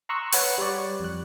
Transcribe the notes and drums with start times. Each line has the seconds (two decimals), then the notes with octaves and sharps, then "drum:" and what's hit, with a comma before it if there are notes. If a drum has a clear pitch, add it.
0.09 A#5 C6 C#6 D#6 E6 F#6
0.32 B4 C#5 F#5 C#6 F#6, drum: open hi-hat
0.58 G3 C#5 D5
1.00 F2 F#6